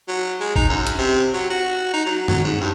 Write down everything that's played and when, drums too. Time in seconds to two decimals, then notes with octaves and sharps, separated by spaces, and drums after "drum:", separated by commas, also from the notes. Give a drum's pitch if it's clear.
0.08 F#3
0.40 G#3
0.56 D#4, drum: kick G1
0.69 F#2
0.87 drum: hi-hat
0.98 C3
1.34 F#3
1.50 F#4
1.94 D#4
2.06 F#3
2.28 F#3, drum: tom F#2
2.44 G#2
2.60 G2